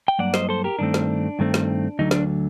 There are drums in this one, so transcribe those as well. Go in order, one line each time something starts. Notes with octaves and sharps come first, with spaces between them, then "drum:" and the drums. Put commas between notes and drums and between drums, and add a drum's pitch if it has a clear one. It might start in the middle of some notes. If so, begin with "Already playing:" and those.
G5
G2 F#3 A#3 D5 F#5
C5 D#5, drum: snare
A4 C5
G4 A#4
G2 D#3 A3 C4 D4
drum: snare
G2 D#3 A3 C4
drum: snare
D2 D3 F#3 D#4
D4, drum: snare